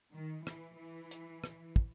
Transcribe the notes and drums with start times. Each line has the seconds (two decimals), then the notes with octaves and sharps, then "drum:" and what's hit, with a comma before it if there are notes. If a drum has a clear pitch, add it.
0.14 D#3
0.47 E3, drum: rim click
0.79 E3
1.11 drum: hi-hat
1.44 drum: rim click
1.76 drum: kick